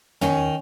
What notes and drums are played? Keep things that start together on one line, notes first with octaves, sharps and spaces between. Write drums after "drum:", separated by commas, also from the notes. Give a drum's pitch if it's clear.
D#3 C#4, drum: tom